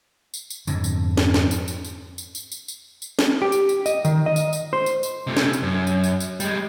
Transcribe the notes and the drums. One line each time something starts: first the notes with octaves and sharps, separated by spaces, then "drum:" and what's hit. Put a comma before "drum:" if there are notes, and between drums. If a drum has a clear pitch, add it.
drum: tambourine
drum: tambourine
F2 G#2 D3, drum: tambourine
drum: tambourine
drum: snare
drum: snare
drum: tambourine
drum: tambourine
drum: tambourine
drum: tambourine
drum: tambourine
drum: tambourine
drum: tambourine
drum: tambourine
drum: snare
G4
drum: tambourine
drum: tambourine
D#5, drum: tambourine
D#3, drum: tambourine
D#5
drum: tambourine
drum: tambourine
C5
drum: tambourine
drum: tambourine
C3 A3
drum: snare
drum: tambourine
F#2
drum: tambourine
drum: tambourine
drum: tambourine
G3 G#3, drum: tambourine